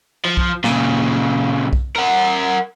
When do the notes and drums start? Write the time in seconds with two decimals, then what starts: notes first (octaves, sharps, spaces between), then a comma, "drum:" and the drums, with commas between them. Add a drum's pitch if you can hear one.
0.25 F3
0.37 drum: kick B1
0.64 A#2 C#3, drum: snare
1.73 drum: kick B1
1.95 A#4 F#5